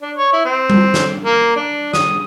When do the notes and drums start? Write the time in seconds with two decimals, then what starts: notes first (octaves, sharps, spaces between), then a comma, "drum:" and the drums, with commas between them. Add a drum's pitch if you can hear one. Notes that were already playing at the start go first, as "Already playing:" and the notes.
0.02 D4
0.16 C#5
0.33 E4
0.45 C4
0.70 drum: tom G3
0.94 drum: snare
1.24 A#3
1.56 D4
1.94 D#6, drum: snare